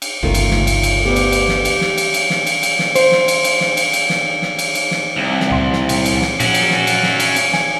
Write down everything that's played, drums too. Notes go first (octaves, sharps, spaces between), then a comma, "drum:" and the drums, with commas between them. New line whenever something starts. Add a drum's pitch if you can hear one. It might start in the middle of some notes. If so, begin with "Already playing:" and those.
drum: cymbal
G1 C#2 D#3 A3 F4
drum: cymbal
drum: snare
drum: cymbal
drum: cymbal
D2 B3 G4
drum: cymbal
drum: cymbal
drum: snare
drum: cymbal
drum: snare
drum: cymbal
drum: cymbal
drum: snare
drum: cymbal
drum: cymbal
drum: snare
C5, drum: cymbal
drum: snare
drum: cymbal
drum: cymbal
drum: snare
drum: cymbal
drum: cymbal
drum: snare
drum: snare
drum: cymbal
drum: cymbal
drum: snare
C2
drum: snare
C#2 A#2 C6
drum: snare
drum: cymbal
drum: cymbal
drum: snare
A#2 F3 C#4 F#4, drum: cymbal
drum: cymbal
drum: snare
drum: cymbal
drum: snare
drum: cymbal
drum: cymbal
G#5, drum: snare